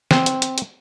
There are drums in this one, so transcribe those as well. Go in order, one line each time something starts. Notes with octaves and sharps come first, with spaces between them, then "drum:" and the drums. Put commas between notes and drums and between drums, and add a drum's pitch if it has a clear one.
C4, drum: snare
drum: hi-hat
drum: hi-hat
drum: hi-hat